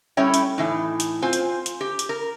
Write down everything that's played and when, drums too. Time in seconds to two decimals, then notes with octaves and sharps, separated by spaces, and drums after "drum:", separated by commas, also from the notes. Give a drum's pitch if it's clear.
0.17 G3 A3 C#4 E4 C#5 G5
0.34 drum: hi-hat
0.58 A2 E3 D#4
1.00 drum: hi-hat
1.22 C4 F4 C5 G#5
1.33 drum: hi-hat
1.66 drum: hi-hat
1.81 G4
1.99 drum: hi-hat
2.09 A#4